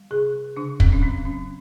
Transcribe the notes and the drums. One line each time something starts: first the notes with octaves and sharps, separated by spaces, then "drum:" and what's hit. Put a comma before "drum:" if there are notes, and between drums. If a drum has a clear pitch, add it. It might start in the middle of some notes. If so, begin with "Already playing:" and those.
Already playing: G3
C3 G#4
C#3 D4
C4, drum: kick
C#4
F#3 C4
C#4